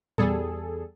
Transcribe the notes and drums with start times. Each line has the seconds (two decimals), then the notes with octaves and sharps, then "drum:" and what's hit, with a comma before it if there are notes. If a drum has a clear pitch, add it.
0.18 E2 G3 G#4 A4, drum: tom